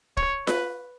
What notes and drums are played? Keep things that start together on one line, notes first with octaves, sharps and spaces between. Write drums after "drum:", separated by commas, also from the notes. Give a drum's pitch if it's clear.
C#5, drum: kick
B4, drum: snare F4